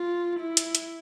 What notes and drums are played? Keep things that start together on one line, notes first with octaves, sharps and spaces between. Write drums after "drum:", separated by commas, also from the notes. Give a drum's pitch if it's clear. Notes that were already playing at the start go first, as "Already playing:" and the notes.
Already playing: F4
E4
drum: hi-hat
drum: hi-hat